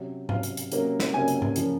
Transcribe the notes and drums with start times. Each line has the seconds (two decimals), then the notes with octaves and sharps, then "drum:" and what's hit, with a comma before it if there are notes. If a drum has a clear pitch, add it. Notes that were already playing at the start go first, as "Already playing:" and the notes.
Already playing: C3 F#3 C#4
0.29 C3 F#3 C#4 F5, drum: tom G#2
0.43 drum: hi-hat
0.57 drum: hi-hat
0.72 C3 F#3 A#3 C#4, drum: hi-hat
1.00 drum: snare
1.14 C3 F#3 A#3 C#4 G#5
1.28 drum: hi-hat
1.42 drum: tom G#2
1.56 C#3 F3 A#3 C#4, drum: hi-hat